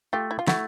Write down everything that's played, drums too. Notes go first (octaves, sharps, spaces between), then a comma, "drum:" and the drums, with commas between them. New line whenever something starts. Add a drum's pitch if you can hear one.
A3 F4 G4
E4
F4
A3 E4 F#4, drum: snare